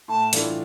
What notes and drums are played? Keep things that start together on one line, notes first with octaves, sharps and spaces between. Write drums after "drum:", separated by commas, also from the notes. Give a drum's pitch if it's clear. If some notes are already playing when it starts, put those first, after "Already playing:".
A2 A5
E3 A3 D4 F4, drum: hi-hat